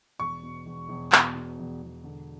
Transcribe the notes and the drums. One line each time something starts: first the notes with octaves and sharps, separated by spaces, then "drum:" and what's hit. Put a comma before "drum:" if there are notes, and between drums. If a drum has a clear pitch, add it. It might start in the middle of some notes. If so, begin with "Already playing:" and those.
E1 C#6
B2
E1
E1
B2, drum: clap
B2
E1
E1
D3